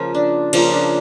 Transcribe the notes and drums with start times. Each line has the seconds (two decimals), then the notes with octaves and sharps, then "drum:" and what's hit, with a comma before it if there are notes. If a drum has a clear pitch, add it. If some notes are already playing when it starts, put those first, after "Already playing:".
Already playing: C#3 F3 A#3
0.15 D4
0.53 C#3 F3 A#3, drum: cymbal
0.72 D4